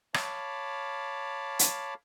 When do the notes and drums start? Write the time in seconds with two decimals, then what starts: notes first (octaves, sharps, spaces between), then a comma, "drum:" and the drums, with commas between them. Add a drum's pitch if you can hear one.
0.14 C#5 F5 A5 B5 D6 F6, drum: rim click
1.59 drum: hi-hat